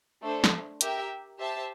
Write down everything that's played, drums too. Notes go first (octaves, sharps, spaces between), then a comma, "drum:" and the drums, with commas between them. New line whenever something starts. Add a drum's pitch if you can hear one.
A3 D4 A4 C5
drum: snare
G4 A#4 E5 G5, drum: hi-hat
G4 C5 E5 A5